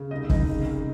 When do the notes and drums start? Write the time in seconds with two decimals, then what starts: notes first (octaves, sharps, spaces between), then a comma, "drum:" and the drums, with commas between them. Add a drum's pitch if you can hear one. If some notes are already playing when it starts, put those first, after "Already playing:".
Already playing: C#3
0.11 C2 D#4 D#5
0.30 C2 D#4 D#5, drum: kick F#1
0.49 C#3
0.68 C#3